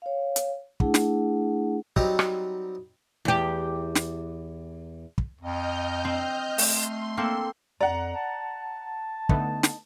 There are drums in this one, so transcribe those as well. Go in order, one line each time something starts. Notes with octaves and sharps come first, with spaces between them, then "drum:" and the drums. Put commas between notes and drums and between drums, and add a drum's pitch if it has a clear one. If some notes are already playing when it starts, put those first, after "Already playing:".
C#5 F5
drum: hi-hat
A3 D4 E4 G#4 F#5, drum: kick
drum: snare
F#3 G3 C4 D#4 G4 D#5, drum: kick
drum: rim click
E2 G4
drum: snare
drum: kick
F2 D#5 F6 G6
C4
A3 C6, drum: open hi-hat
A#3 C4 A4
F2 D5 F#5 A#5
A5
D3 A3 B3 D#4, drum: kick
drum: snare